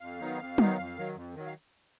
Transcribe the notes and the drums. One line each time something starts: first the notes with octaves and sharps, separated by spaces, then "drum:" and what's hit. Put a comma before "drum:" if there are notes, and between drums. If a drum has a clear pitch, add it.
F2 F5
D#3 F#3 B3 D#4
F2
D#3 F#3 B3 D#4, drum: tom F#3
F2
D#3 F#3
F2
D#3 F#3
F5